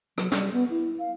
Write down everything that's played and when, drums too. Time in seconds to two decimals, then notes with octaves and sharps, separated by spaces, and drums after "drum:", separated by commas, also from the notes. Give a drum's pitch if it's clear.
0.18 F#3, drum: rim click
0.32 G3, drum: snare
0.53 B3
0.70 E4
0.99 F5